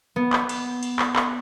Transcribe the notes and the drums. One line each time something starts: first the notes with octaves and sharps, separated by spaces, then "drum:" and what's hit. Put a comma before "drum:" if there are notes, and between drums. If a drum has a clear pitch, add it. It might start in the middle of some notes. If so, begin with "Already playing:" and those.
B3
drum: clap
drum: cymbal
drum: cymbal
drum: clap
drum: clap